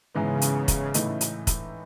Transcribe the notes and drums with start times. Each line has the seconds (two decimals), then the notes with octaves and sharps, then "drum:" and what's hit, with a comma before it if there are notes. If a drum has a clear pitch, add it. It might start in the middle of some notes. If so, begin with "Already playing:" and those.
0.15 G#2 C#3 E3 G#3 B3
0.42 drum: hi-hat
0.68 drum: kick, hi-hat
0.94 A2 E3 A3 D#4, drum: hi-hat
1.21 drum: hi-hat
1.47 drum: kick, hi-hat